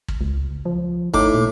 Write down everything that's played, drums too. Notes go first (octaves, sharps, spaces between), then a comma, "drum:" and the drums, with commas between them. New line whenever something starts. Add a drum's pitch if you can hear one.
drum: kick
C#2
F3
A2 D#4 D6, drum: kick
A#2